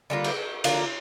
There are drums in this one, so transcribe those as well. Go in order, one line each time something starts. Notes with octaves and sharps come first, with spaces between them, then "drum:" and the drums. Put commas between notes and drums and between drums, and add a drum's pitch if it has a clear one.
D3 G3 A#3 F4
drum: cymbal
D3 F3 A#3 F4, drum: cymbal